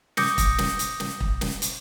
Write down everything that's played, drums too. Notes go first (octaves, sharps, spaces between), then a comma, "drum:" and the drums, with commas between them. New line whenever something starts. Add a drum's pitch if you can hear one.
D6 D#6 G6 A#6 C#7, drum: snare
drum: kick, hi-hat
drum: snare
drum: hi-hat
drum: snare
drum: kick
drum: snare
drum: hi-hat